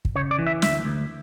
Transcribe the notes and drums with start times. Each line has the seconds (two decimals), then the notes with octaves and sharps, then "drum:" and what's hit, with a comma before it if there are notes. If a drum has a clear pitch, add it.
0.05 drum: kick
0.15 C#3 C#5
0.31 D5
0.39 E3
0.47 E5
0.62 D2 E5, drum: snare
0.85 D2